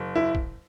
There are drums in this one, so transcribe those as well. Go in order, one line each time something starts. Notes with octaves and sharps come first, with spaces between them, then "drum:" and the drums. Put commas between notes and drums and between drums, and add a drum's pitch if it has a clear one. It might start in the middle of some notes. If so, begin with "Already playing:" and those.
Already playing: F#1
E4
drum: kick